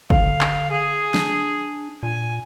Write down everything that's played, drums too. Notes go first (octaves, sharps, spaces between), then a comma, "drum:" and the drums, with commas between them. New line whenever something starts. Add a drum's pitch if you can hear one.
D3 F5, drum: kick
drum: clap
G#4
D4, drum: snare
A#2 G#5